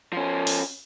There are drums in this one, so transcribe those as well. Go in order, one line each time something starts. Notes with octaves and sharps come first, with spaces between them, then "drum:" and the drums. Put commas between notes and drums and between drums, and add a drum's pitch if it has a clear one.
F3 C#4
drum: open hi-hat